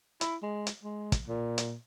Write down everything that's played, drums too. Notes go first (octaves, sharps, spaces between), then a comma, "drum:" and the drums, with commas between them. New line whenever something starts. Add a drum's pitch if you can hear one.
E4, drum: hi-hat
G#3
drum: hi-hat
G#3
drum: kick, hi-hat
A#2
drum: hi-hat